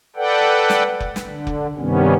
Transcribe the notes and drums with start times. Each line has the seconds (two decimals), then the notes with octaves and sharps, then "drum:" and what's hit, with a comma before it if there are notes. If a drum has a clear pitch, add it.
0.16 A4 B4 D5 F#5 G5
0.70 drum: snare
1.00 drum: kick F1
1.16 drum: snare
1.26 D3
1.47 drum: kick F1
1.78 G2 C3 D#3 G3 B3 C#4